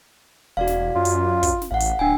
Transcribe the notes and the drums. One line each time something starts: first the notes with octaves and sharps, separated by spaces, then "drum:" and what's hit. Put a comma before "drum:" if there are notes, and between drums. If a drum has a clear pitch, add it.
E1 F#4 D5 F5
drum: snare
F#2 F4
drum: hi-hat
drum: kick, hi-hat
drum: snare
A1 F5 F#5
drum: hi-hat
D1 D4 G5 G#5